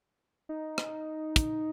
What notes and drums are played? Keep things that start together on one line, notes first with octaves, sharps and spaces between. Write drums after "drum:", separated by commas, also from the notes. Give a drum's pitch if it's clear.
D#4
drum: rim click
drum: kick, hi-hat